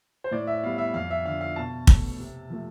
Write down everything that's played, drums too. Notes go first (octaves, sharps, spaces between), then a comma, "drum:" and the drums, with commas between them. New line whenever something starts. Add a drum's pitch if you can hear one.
C5
A2 D5
E5
G3 B3 F5
E5
F2 F5
E5
D3 F3 F5
F5
B2 A5
A3, drum: kick
C3
F3 A3